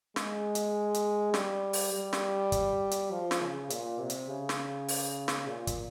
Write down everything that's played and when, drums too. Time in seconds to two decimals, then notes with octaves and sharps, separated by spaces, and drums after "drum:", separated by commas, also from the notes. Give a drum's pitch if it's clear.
0.16 G#3, drum: snare
0.55 drum: hi-hat
0.94 drum: hi-hat
1.34 G3, drum: snare
1.73 drum: open hi-hat
1.93 G3
2.13 drum: snare
2.52 drum: kick, hi-hat
2.91 drum: hi-hat
3.11 F3
3.31 drum: snare
3.41 C#3
3.70 A#2, drum: hi-hat
4.00 C3
4.10 drum: hi-hat
4.29 C#3
4.49 drum: snare
4.88 drum: open hi-hat
5.28 drum: snare
5.48 A#2
5.67 drum: kick, hi-hat